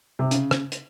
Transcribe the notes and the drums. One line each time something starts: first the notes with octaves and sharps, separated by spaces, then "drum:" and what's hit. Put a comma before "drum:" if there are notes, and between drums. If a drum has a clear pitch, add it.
C3
C#3, drum: hi-hat
drum: rim click
drum: hi-hat